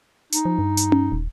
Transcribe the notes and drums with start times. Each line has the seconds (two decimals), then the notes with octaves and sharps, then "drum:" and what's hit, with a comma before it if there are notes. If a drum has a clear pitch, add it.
0.32 D#4, drum: hi-hat
0.45 F3
0.58 G2
0.77 drum: hi-hat
0.92 drum: tom C#4
1.12 D#1